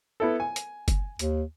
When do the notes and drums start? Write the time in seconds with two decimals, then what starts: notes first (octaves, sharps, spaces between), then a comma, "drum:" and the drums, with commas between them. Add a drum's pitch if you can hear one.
0.20 B3 E4 A4
0.40 G#5
0.56 drum: hi-hat
0.88 drum: kick F#1, hi-hat
1.19 D#2, drum: hi-hat